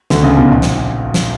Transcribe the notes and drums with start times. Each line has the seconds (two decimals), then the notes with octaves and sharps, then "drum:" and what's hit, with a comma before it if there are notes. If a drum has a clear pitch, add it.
0.10 D2 D3, drum: snare
0.23 C#2 C#3
0.36 B1 B2
0.49 A#1 A#2
0.62 drum: snare
1.14 drum: snare